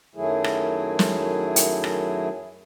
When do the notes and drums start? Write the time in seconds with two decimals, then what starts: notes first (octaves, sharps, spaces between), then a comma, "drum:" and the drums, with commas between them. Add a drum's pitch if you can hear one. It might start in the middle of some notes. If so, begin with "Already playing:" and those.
0.15 F#2 D#3 F#3 A3 E4 G#4
0.44 drum: rim click
0.99 drum: snare
1.56 drum: hi-hat
1.84 drum: rim click